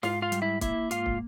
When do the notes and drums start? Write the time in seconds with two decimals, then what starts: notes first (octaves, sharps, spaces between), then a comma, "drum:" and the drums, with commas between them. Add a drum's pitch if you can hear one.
0.03 G#2 F4 F5, drum: snare
0.22 F4 F5
0.32 G3, drum: hi-hat
0.42 E4 E5
0.61 A#3 E4 E5, drum: kick, hi-hat
0.91 G#2 F4 F5, drum: hi-hat
1.06 drum: kick